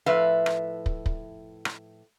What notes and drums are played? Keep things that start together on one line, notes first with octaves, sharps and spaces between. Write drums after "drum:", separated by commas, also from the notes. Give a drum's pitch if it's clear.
A2 F3 B4 E5 F5
drum: rim click
drum: kick
drum: kick
drum: rim click